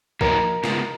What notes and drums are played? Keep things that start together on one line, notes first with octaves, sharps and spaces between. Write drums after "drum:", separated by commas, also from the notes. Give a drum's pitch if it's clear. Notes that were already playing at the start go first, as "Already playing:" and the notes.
F3 A#3 D#4 F#4 A#4 C#5, drum: kick B1
C#3 G#3 B3 F4, drum: snare